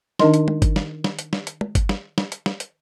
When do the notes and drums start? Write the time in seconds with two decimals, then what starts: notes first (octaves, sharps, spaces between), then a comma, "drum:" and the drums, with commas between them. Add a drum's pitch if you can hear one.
0.19 D#3 D4 D#4 A#4 D#5 C6, drum: snare
0.34 drum: hi-hat
0.48 drum: tom
0.62 drum: kick G1, hi-hat
0.76 drum: snare
1.04 drum: snare
1.19 drum: hi-hat
1.33 drum: snare
1.47 drum: hi-hat
1.61 drum: tom
1.75 drum: kick G1, hi-hat
1.89 drum: snare
2.18 drum: snare
2.32 drum: hi-hat
2.46 drum: snare
2.60 drum: hi-hat